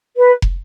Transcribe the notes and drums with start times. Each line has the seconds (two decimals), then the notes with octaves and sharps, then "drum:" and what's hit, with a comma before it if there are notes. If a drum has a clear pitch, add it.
0.17 B4
0.42 drum: kick